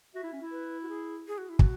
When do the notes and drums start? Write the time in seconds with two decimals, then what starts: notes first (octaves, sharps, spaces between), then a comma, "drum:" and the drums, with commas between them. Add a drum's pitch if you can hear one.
0.14 F#4 E5
0.23 E4
0.33 C#4
0.42 E4
0.51 B4
0.82 F#4
0.89 G#4
1.27 G#4
1.38 F#4
1.49 E4
1.59 F#4, drum: kick